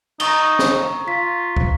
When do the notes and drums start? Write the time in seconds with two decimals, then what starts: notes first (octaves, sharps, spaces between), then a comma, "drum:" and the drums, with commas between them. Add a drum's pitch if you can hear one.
0.20 D#4 A#5 C#6 G7, drum: cymbal
0.59 drum: snare
1.08 F4 B6
1.57 drum: kick